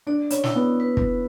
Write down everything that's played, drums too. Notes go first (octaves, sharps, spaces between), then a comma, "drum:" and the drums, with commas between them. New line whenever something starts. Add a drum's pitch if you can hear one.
D4 D5
C#4, drum: hi-hat
E4, drum: snare
B3
B4
drum: kick